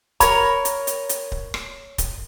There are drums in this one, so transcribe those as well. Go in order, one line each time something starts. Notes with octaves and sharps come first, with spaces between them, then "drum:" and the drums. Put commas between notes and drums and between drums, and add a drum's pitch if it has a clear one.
A#4 C#5 B5, drum: kick D1, hi-hat
drum: hi-hat
drum: hi-hat
drum: hi-hat
drum: kick D1
drum: rim click
drum: kick D1, hi-hat